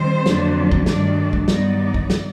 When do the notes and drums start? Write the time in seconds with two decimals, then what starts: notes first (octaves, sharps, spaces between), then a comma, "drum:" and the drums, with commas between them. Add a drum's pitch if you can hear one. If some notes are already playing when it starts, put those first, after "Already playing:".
Already playing: D#3 G3 C4 C5
0.26 F2 D3 F#3 A#3 D4, drum: snare
0.71 drum: kick
0.86 G2 D#3 F#3 A3 D4 D5, drum: snare
1.33 drum: kick
1.48 G2 D#3 F#3 B3 D#4 D5, drum: snare
1.94 drum: kick
2.10 drum: snare